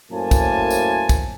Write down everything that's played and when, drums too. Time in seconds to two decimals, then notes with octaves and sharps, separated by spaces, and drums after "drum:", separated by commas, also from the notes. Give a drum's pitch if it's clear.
0.12 F#2 A2 A#3 C5 G#5 A5
0.31 drum: kick, tambourine
0.70 drum: tambourine
1.09 drum: kick, tambourine